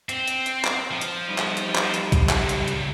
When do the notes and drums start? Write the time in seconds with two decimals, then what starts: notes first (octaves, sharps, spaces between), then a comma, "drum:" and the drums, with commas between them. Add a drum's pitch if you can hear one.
0.09 C4, drum: hi-hat
0.28 drum: hi-hat
0.46 drum: hi-hat
0.64 drum: clap
0.91 F3
1.01 drum: hi-hat
1.28 G3 D#4
1.38 drum: clap
1.57 drum: hi-hat
1.75 drum: clap
1.94 drum: hi-hat
2.12 drum: kick A1, hi-hat
2.29 C#2 F#2, drum: clap
2.49 drum: hi-hat
2.68 drum: hi-hat